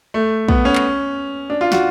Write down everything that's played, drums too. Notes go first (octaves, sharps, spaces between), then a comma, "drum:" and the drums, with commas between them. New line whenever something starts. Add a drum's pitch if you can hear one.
A3
B3, drum: kick
C#4
drum: clap
D4
F4
F#4, drum: snare